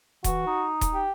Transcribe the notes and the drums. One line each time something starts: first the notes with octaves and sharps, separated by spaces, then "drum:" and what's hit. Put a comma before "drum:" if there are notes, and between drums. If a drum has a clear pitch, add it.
E3 F#4, drum: kick D#1, hi-hat
D#4
drum: kick D#1, hi-hat
G4